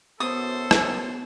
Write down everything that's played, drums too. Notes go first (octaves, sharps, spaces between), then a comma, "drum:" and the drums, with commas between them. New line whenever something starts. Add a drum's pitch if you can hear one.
F#2 B2 E3 A4 C5 D#6
drum: rim click